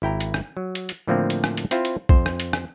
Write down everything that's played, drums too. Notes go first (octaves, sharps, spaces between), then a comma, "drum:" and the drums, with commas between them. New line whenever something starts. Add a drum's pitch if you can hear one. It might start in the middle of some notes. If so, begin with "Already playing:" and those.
G#1 E4 G5 A#5
drum: hi-hat
drum: rim click
F#3
drum: hi-hat
drum: hi-hat
A2 D3 F3 A3 A#3 C4
drum: hi-hat
drum: rim click
drum: hi-hat
C4 E4 F4 C5 F5, drum: hi-hat
drum: hi-hat
F2 C5, drum: kick
drum: rim click
drum: hi-hat
drum: rim click